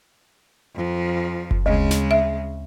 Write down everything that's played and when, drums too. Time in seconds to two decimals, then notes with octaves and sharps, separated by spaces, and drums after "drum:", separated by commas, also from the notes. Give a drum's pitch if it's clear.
0.75 F2 F3
1.51 drum: kick F#1
1.66 D2 C#3 G#3
1.91 drum: snare
2.11 E5